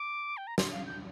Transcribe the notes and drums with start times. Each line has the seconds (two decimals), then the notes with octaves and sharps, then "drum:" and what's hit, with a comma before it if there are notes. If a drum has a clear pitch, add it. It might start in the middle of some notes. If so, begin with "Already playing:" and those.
Already playing: D6
0.37 G5
0.47 A#5
0.58 C6, drum: snare
0.72 F5
0.87 G6